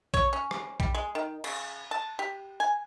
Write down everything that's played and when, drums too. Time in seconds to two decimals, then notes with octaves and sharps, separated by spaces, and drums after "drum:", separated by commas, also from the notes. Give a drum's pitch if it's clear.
0.14 C#5, drum: kick A#1
0.33 C#4
0.51 drum: rim click
0.80 G3, drum: kick A#1
0.95 G#3
1.15 D#3
1.44 C#3, drum: cymbal
1.91 A5
2.19 G4
2.60 G#5